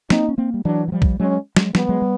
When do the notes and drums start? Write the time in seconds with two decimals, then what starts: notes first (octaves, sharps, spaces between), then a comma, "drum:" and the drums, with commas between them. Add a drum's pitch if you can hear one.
0.10 A#3 C4 D#4, drum: snare
0.29 C#4
0.38 A#3 C4
0.54 G3
0.65 E3 F#3 D4
0.88 F#3
0.92 F3 G3
1.02 drum: kick
1.20 F#3 G#3 C#4
1.56 F#3 G#3, drum: snare
1.75 F3 G3 B3, drum: snare
1.89 F#3 G#3
2.02 G3